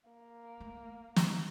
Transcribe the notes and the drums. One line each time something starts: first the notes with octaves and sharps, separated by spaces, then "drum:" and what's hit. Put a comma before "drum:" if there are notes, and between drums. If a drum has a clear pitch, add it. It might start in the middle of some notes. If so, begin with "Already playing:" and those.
A#3
A3
drum: snare